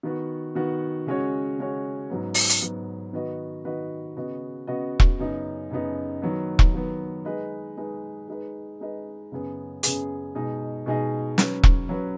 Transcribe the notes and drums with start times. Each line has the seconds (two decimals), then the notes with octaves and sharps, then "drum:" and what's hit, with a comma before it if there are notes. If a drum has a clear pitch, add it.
0.03 D#3 B3 F#4
0.55 D#3 B3 F#4
1.07 C#3 G#3 C#4 F#4 C#5
1.58 C#3 G#3 C#4 F#4 C#5
2.10 G#2 F#3 B3
2.34 drum: open hi-hat
2.49 drum: hi-hat
2.61 G#2 F#3 B3
3.13 D#3 B3 F#4 B4 D#5
3.65 D#3 B3 F#4 B4 D#5
4.16 C#3 B3 F#4 D#5
4.67 C#3 B3 F#4 D#5
5.00 drum: kick E1
5.19 F#2 C#3 B3 D#4
5.70 F#2 C#3 B3 D#4
6.22 D#3 F#3 B3
6.59 drum: kick E1
6.74 D#3 F#3 B3
7.25 G#3 D#4 B4 D#5
7.77 G#3 D#4 B4 D#5
8.28 G#3 D#4 B4 D#5
8.80 G#3 D#4 B4 D#5
9.32 F#2 C#3 B3 G#4
9.83 F#2 C#3 B3 G#4, drum: hi-hat
10.35 B2 G#3 D#4 G#4 D#5
10.86 B2 G#3 D#4 G#4 D#5
11.38 F#3 C#4 B4, drum: snare
11.63 drum: kick E1
11.89 F#3 C#4 B4